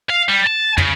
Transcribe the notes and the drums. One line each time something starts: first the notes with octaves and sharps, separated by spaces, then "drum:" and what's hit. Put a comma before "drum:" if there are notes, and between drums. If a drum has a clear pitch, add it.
F5
G3
A5
C#3, drum: tom